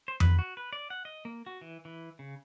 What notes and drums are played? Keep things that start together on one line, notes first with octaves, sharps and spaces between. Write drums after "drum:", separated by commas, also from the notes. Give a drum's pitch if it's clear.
C5
B4, drum: tom F2
F#4
B4
D5
F#5
D#5
A#3
F#4
E3
E3
C#3